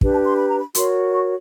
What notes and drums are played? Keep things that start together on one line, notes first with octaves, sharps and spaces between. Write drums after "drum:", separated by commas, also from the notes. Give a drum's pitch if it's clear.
D4 G4 B4, drum: kick
A5
C6
B5
A#5
B5
F#4 A#4 C#5 C6, drum: hi-hat
C#6